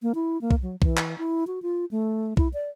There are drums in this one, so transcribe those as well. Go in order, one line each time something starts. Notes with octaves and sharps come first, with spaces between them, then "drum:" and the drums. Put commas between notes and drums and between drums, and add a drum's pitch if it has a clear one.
A#3
E4
A#3
drum: kick B1
F#3
E3, drum: kick B1
drum: clap
E4
F#4
F4
A3
E4, drum: kick B1
D5